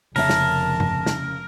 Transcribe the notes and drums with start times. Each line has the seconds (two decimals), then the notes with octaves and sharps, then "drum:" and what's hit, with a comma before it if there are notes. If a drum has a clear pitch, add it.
0.16 F1 C#3 A#3 A#4 E5 A5, drum: open hi-hat
0.29 drum: snare
0.80 drum: tom G2
1.06 drum: snare